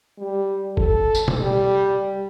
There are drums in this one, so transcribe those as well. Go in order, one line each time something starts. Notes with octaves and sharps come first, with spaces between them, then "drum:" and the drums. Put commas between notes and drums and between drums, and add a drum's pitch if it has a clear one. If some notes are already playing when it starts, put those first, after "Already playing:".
G3
A4, drum: kick F#1
drum: tambourine
drum: tom B2
G3